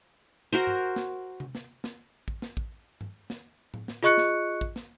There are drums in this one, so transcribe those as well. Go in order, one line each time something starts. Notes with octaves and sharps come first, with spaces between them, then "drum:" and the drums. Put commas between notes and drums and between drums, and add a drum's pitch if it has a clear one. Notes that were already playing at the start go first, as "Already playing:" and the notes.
F#4 A#4 C5
drum: tom G2
drum: snare
drum: tom C3
drum: snare
drum: snare
drum: kick
drum: snare
drum: kick
drum: tom G2
drum: snare
drum: tom A2
drum: snare
F4 G#4 D#5 C#6 F#6 C#7
drum: snare
drum: kick
drum: snare